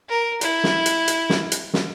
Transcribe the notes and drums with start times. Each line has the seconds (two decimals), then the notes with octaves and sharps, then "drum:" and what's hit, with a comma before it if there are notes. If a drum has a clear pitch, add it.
0.09 A#4
0.41 E4, drum: hi-hat
0.64 drum: snare
0.86 drum: hi-hat
1.08 drum: hi-hat
1.30 drum: snare
1.52 drum: hi-hat
1.74 drum: snare